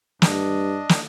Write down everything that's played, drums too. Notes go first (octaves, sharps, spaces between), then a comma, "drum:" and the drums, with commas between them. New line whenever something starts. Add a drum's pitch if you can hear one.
G2 D4 D#5, drum: snare
drum: snare